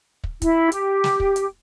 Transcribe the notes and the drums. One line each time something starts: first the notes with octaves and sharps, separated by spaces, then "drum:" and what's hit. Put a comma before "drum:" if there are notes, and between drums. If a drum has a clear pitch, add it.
drum: kick
E4, drum: kick, hi-hat
G4, drum: hi-hat
drum: snare
drum: kick
drum: hi-hat